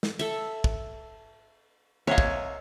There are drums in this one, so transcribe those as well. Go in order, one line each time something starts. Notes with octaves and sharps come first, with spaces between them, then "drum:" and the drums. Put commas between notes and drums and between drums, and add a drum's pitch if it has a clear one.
drum: snare
A4 E5, drum: cymbal
drum: kick
C2 A#3 C#5 D#5 F5
drum: kick